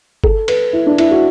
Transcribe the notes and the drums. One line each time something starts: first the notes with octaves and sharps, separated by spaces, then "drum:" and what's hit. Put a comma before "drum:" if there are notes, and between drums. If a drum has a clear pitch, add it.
A4, drum: kick G1
B4, drum: cymbal
E4
D4
E4, drum: cymbal
F#4